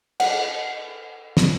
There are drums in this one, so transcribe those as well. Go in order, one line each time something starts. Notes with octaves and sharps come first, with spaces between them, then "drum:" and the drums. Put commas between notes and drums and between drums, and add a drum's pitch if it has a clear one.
F#5, drum: cymbal
drum: snare